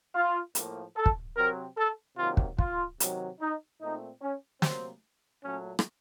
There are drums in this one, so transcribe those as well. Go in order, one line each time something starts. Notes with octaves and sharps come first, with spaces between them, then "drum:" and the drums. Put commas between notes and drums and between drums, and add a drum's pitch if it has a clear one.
F4
A2 F3 A#3, drum: hi-hat
A4
drum: kick
C3 F#3 C4 A#4
A4
C3 D#3 F#3 A#3 F4
drum: kick
F4, drum: kick
C3 D#3 F#3, drum: hi-hat
D#4
A#2 A3 C4 D#4
C#4
C3 F#3 A#3 C4, drum: snare
A#2 F#3 A3 C#4
drum: rim click